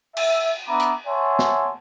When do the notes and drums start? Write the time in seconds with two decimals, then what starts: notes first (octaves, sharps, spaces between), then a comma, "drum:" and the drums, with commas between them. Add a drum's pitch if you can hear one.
0.17 E5, drum: cymbal
0.68 B3 D4 E5 A#5 B5 D6
0.80 drum: hi-hat
1.08 C#5 E5 F#5 G#5 A5 C6
1.39 drum: snare